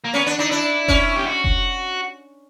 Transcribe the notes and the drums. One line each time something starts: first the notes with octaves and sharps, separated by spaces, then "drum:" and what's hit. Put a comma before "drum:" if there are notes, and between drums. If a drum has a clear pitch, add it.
A#3
B3 C#4
D4
D4 D#4
D4 E4
C#4, drum: kick F1
G4
F#4
drum: kick F1